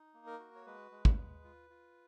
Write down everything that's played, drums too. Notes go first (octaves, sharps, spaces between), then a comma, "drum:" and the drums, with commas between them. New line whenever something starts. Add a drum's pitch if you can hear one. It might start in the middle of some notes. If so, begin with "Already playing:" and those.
Already playing: D#4
A#3
A#4
F#4
C#5
G#3 B4
G#3
drum: kick
G#3
F4
F4